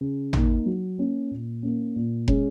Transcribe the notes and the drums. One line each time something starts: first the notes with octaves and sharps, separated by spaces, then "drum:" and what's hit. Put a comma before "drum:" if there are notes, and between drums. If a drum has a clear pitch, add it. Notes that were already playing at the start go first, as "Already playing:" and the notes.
C#3
A#3 D#4, drum: tom
F#3
A#3 C#4
A#2
A#3 C#4
A#2
G#3 C#4, drum: kick